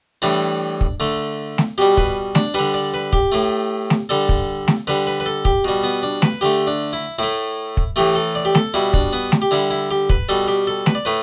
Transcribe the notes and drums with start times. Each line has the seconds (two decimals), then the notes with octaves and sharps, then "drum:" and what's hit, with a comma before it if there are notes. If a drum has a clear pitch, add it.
0.22 A2 E3 G3 D4
0.81 drum: kick
1.00 D3 A3
1.58 drum: snare A3
1.78 B2 G3 G4
1.97 B4, drum: kick
2.35 D4, drum: snare A3
2.54 D3 G3 B4
2.74 D5
2.94 B4
3.13 G4, drum: kick
3.32 A2 A3
3.90 drum: snare A3
4.09 D3 G3 A4
4.29 drum: kick
4.68 drum: snare A3
4.87 D3 G3 B4
5.07 B4
5.20 B4
5.26 A4
5.45 G4, drum: kick
5.65 B2 G3
5.84 B3
6.03 D4
6.22 B4, drum: snare A3
6.41 D3 A3 G4
6.67 D4
6.93 E4
7.18 A2 A3 E4
7.77 drum: kick
7.96 A2 E3 A3 G4
8.15 A4
8.35 D5
8.45 G4
8.55 A4, drum: snare A3
8.74 B2 G3 E4
8.94 D4, drum: kick
9.13 B3
9.32 drum: snare A3
9.42 G4
9.51 D3 G3 E4
9.71 E4
9.91 G4
10.10 B4, drum: kick
10.29 B2 G3 A4
10.48 G4
10.67 A4
10.86 B4, drum: snare A3
10.95 D5
11.05 A2 A3 B4